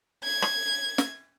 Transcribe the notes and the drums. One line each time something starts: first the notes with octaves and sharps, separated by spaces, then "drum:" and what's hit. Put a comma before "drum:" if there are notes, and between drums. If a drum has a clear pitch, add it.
G#6
drum: rim click
drum: snare